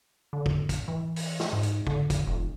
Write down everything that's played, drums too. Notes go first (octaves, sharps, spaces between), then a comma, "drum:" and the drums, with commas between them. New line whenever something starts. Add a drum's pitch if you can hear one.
D3
drum: kick
drum: kick, hi-hat
E3
drum: open hi-hat
drum: snare
G#2
drum: hi-hat
D3, drum: kick
drum: kick, hi-hat
F1